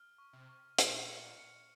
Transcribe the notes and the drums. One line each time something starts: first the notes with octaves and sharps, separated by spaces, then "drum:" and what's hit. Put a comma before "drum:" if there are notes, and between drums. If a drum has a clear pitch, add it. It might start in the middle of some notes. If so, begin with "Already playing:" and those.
Already playing: F6
C#6
C3
C#6
A#2 C#7, drum: hi-hat
C#7
C#7